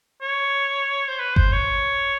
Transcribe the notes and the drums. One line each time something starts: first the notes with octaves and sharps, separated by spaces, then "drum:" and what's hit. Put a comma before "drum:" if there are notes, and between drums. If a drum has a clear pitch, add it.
C#5
C5
B4
C5, drum: kick G1
C#5